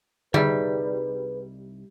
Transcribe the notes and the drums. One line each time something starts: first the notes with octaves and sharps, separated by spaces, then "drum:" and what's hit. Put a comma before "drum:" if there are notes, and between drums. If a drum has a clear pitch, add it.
C2 G3 D#4 G#4 B4 E5, drum: tom D3